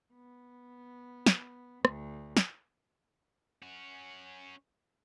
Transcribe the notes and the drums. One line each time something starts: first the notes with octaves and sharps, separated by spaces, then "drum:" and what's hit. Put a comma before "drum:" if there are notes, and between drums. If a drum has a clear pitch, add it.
B3
drum: snare
D2, drum: rim click
drum: snare
C#4 F#4